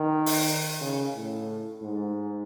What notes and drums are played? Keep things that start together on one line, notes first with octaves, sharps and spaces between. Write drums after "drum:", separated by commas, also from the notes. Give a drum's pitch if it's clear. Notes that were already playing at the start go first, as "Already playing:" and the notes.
Already playing: D#3
drum: open hi-hat
C#3
A2
G#2